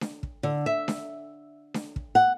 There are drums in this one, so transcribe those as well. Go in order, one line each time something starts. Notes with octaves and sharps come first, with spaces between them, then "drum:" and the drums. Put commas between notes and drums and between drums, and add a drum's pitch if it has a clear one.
drum: snare D4
drum: kick
D3
E5
drum: snare D4
drum: snare D4
drum: kick
F#5